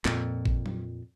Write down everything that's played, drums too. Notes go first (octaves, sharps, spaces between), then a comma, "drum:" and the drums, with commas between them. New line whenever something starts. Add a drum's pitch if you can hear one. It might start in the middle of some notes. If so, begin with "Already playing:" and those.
F2 A#2, drum: clap
drum: kick A1
drum: tom F#3